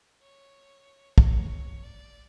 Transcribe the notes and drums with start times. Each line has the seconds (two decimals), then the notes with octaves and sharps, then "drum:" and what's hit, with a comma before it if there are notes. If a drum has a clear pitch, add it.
0.21 C#5
1.18 C#5, drum: kick
1.84 D5